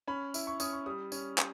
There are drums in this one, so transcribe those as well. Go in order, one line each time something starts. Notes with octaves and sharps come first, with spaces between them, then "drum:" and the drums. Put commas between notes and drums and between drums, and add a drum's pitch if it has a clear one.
C#4 B5
E4, drum: tambourine
C#6
C#4 D#6, drum: tambourine
C#6
G3 D#6
C#4, drum: tambourine
drum: clap